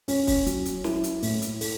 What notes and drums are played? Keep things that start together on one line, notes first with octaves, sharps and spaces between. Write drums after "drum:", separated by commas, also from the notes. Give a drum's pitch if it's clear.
C#4, drum: open hi-hat
drum: kick, open hi-hat
F#3, drum: hi-hat
drum: hi-hat
E4, drum: snare
drum: hi-hat
A2, drum: open hi-hat
drum: hi-hat
A4, drum: open hi-hat